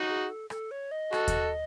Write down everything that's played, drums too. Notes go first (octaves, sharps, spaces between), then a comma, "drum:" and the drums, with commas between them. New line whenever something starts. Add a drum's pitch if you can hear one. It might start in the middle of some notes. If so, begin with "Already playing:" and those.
Already playing: D#4 F#4
G#4
A4
A4, drum: rim click
C#5
D#5
F#4 A4, drum: rim click
drum: kick D#2, hi-hat